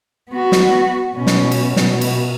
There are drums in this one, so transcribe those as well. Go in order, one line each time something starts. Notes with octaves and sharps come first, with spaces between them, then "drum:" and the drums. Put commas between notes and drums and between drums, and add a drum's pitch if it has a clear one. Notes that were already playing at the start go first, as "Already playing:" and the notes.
B3 F#4
drum: snare
B2 C#4
drum: snare
drum: cymbal
B2, drum: snare
drum: cymbal